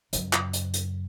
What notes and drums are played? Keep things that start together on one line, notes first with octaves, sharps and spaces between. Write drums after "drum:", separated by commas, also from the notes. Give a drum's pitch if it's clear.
F#2 C#3, drum: hi-hat
drum: clap
drum: hi-hat
drum: hi-hat